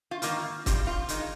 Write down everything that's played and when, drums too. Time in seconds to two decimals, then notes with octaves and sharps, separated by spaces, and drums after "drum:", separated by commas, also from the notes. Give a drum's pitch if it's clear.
0.11 F4
0.22 G#2 D#3 A#3 F4, drum: hi-hat
0.66 G2 G3 C4 F4 G4, drum: kick, hi-hat
0.87 F4
1.09 D#3 G#3 D#4, drum: hi-hat